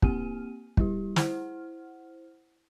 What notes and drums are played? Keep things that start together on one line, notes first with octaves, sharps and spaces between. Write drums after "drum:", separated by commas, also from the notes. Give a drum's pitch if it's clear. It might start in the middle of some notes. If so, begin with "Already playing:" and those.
A#3 C4 G4 G#5 F6 D#7, drum: kick
G3 E4 G4, drum: kick
E4 C5 F#5 F6, drum: snare